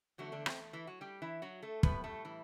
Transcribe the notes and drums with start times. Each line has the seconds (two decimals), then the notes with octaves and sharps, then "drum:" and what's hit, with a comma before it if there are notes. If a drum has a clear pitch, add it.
0.18 E2 D3 F#3 A3 F#4
0.32 D3 D4
0.46 C4, drum: rim click
0.73 E3 E4
0.87 F#3 F#4
1.01 G3 G4
1.22 E3 E4
1.42 F#3 F#4
1.62 A3 A4
1.83 A2 G3 B3 B4, drum: kick
2.04 A3 A4
2.25 E3 E4